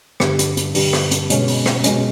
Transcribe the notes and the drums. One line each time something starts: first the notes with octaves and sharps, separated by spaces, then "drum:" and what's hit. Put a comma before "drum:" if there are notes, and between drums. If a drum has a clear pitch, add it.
G2 D3 G3, drum: rim click
drum: hi-hat
drum: hi-hat
G2 D3 G3, drum: open hi-hat
drum: rim click
drum: hi-hat
B2 G#3 C#4, drum: hi-hat
drum: open hi-hat
drum: rim click
B2 G#3 C#4, drum: hi-hat